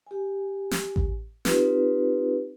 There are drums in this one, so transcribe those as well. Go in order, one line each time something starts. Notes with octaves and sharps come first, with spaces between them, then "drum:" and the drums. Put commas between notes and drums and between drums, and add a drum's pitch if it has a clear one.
G4 G#5
drum: snare
drum: kick A1
C4 D#4 F4 G4 B4, drum: snare